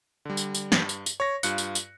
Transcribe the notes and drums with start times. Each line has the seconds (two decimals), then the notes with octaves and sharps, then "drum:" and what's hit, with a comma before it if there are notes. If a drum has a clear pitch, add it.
0.25 D3 G3
0.37 drum: tambourine
0.55 drum: tambourine
0.72 G2, drum: snare
0.89 drum: tambourine
1.06 drum: tambourine
1.20 C#5 A#6
1.43 G2 F4 F#6 C#7, drum: tambourine
1.58 drum: tambourine
1.75 drum: tambourine